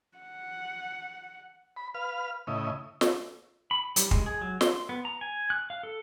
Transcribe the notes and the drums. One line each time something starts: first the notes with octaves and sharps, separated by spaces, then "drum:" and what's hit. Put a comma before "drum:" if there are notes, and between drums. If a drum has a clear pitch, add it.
F#5
B5
B4 F5 F6
A2 C#3 E4 D#5
drum: snare
B5
G3, drum: hi-hat
G#3, drum: kick
G#4
F#3
C6, drum: snare
B3
A#5
G#5
F#6
F5
A4